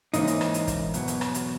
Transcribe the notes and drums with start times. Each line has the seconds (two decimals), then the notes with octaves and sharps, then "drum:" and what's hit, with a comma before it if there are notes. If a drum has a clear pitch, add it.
0.14 G#2 E3 A#3 C#4 D#4, drum: hi-hat
0.27 drum: hi-hat
0.41 drum: rim click
0.54 drum: hi-hat
0.68 drum: kick, hi-hat
0.94 E2 B2 F#3, drum: hi-hat
1.08 drum: hi-hat
1.21 drum: rim click
1.34 drum: hi-hat